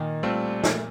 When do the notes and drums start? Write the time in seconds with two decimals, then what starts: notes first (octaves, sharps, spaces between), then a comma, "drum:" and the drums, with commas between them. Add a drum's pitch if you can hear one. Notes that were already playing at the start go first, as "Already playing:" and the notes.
Already playing: A#2 D#3
0.23 G3 A3 C4 F4
0.64 A#2 A3, drum: snare